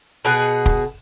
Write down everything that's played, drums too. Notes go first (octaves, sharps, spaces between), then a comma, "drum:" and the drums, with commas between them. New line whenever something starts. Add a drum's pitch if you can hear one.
B2 G#4 F#5
drum: kick